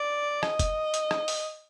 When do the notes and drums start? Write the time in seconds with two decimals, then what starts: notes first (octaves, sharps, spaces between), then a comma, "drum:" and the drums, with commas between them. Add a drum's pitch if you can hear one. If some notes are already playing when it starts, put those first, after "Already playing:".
Already playing: D5
0.43 D#5, drum: rim click
0.59 drum: kick, hi-hat
0.94 drum: hi-hat
1.11 drum: rim click
1.28 drum: open hi-hat